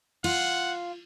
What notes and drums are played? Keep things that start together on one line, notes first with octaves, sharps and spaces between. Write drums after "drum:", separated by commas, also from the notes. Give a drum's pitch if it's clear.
F4 F#5, drum: cymbal